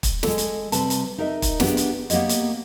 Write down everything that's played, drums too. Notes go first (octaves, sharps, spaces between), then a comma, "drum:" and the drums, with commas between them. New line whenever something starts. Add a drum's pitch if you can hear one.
drum: kick, hi-hat
G#3 A4, drum: snare
drum: hi-hat
C3 G3 B4 A5, drum: hi-hat
drum: hi-hat
D#4 A#4 D#5 E5
drum: kick, hi-hat
B3 D4 D#4 G4 G#4, drum: snare
drum: hi-hat
A#3 B3 G4 C#5 D#5, drum: hi-hat
drum: hi-hat